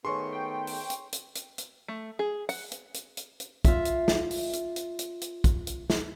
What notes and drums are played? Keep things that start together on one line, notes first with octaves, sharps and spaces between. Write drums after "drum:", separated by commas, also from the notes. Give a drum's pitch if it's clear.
D#3 A3 B3 G#4 C#5 C6 C#6
G5
drum: open hi-hat
drum: hi-hat
drum: hi-hat
drum: hi-hat
drum: hi-hat
A3
G#4
F#5, drum: open hi-hat
drum: hi-hat
drum: hi-hat
drum: hi-hat
drum: hi-hat
F4 E5, drum: kick, hi-hat
drum: hi-hat
drum: snare
drum: open hi-hat
drum: hi-hat
drum: hi-hat
drum: hi-hat
drum: hi-hat
drum: kick, hi-hat
drum: hi-hat
drum: snare